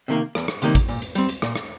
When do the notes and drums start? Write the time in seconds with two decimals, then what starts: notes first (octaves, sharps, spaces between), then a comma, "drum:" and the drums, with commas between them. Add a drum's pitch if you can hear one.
0.08 C3 D#3 G3 A#3
0.35 E2, drum: rim click
0.48 drum: rim click
0.62 C3 D#3 G3 A#3, drum: hi-hat
0.75 drum: kick A1, hi-hat
0.89 A#2, drum: open hi-hat
1.02 drum: hi-hat
1.15 G3 C4, drum: hi-hat
1.29 drum: hi-hat
1.42 A#2, drum: rim click
1.55 drum: rim click